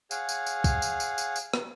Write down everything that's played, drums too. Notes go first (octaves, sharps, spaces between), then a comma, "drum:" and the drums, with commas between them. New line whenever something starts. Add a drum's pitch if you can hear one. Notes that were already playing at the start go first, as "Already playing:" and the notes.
G#4 C#5 F5 F#5, drum: tambourine
drum: tambourine
drum: tambourine
drum: kick, tambourine
drum: tambourine
drum: tambourine
drum: tambourine
drum: tambourine
drum: rim click